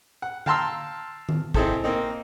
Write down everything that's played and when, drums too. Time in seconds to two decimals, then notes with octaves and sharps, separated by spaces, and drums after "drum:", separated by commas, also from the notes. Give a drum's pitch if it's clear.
0.22 F#5
0.46 F5 G5 A5 A#5 C6 E6, drum: tom D3
1.29 drum: tom D#3
1.54 C4 D#4 E4 G#4 A4 C5, drum: kick
1.84 A#3 C4 D#4